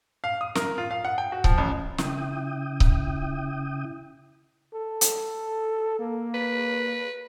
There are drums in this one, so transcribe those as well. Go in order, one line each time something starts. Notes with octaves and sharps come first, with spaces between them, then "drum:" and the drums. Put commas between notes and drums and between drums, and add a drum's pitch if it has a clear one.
F5
D#6
A#4, drum: snare
F4
F5
F#5
G5
F#4
F3, drum: kick C#1
A1
C#3 E4 G5 D#6, drum: snare
drum: kick C#1
A4
drum: hi-hat
A#3
B4